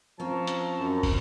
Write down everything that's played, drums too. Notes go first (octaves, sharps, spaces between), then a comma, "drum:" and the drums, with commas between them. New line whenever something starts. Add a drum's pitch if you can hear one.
F3 C4 C#4 A5 A#5 C#6
drum: hi-hat
F#2
drum: kick, open hi-hat